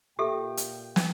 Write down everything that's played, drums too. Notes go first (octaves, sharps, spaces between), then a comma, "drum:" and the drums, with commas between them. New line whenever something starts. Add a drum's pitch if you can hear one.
A#2 A#3 G4 A4 E5 G5
drum: hi-hat
drum: snare